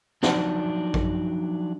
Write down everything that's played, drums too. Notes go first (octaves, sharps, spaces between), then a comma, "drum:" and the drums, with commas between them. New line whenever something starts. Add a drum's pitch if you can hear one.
F3 F#3 D4 D#4, drum: snare
drum: kick A1